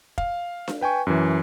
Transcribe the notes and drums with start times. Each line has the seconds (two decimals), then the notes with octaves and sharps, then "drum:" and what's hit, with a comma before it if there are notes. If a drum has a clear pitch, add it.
0.18 F5, drum: kick
0.68 drum: snare D4
0.81 B4 G5 G#5 C#6
1.07 F#2 E3